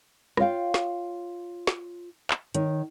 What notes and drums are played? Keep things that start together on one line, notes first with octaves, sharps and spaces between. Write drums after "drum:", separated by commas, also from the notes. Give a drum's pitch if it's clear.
F4 C#5 F5 G5, drum: rim click
drum: snare
drum: snare
drum: clap
D#3 C#5, drum: hi-hat